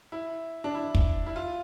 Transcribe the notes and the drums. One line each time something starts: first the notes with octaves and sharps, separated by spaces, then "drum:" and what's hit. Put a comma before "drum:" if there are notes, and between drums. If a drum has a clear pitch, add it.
E4
D4
E4
drum: kick
E4
F4